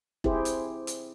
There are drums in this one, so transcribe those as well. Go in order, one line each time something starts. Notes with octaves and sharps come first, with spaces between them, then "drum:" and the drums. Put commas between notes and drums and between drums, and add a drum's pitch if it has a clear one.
C4 E4 G4 G#4 C5, drum: kick E1
drum: hi-hat
drum: hi-hat